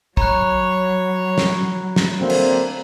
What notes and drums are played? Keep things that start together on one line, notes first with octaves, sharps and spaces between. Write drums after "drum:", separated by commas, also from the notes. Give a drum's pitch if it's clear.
F#3 C#5 A#5 B5 F#6, drum: kick
drum: snare
drum: snare
D2 A#3 C4
drum: cymbal